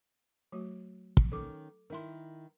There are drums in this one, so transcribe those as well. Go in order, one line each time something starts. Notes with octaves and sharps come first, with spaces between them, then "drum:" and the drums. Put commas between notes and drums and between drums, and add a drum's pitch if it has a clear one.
F#3 A3 F#4
drum: kick
D#3 C#4 A4 D6
D#3 E4 A#4 C6